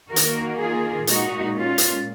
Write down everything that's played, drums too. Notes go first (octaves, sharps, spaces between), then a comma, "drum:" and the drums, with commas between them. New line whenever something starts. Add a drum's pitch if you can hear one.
D#3 F#4 A#4
A#3, drum: hi-hat
F4 G#4
A#2 G#3 D#4 F#4, drum: hi-hat
C#4 F4
drum: hi-hat